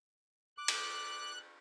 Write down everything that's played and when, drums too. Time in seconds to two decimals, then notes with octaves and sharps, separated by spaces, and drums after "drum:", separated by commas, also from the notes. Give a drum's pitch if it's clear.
0.58 D6 F#6
0.68 drum: cymbal